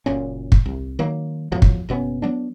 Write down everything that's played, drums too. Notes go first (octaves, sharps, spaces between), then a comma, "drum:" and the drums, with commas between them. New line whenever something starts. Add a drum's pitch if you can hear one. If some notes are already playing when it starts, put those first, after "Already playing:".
F#1 F#2 A#2 C#4
drum: kick
C2
D#3 F#3 A#3
E2 A2 F3 F#3
drum: kick
F#1 B2 B3 C#4
F#3 B3 D4